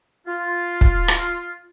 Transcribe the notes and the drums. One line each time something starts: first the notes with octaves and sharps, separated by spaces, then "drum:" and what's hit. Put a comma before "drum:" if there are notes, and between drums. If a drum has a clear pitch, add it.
F4
drum: kick
drum: rim click